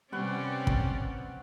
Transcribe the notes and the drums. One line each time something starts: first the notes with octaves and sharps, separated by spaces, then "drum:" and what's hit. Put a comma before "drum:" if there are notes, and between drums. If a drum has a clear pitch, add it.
C3 G3 C4 C#4 B4 D5 F#5 C#6
drum: kick